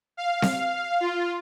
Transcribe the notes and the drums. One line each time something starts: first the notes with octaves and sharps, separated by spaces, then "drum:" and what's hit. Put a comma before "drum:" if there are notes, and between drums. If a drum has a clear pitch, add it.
F5
drum: snare C4
F4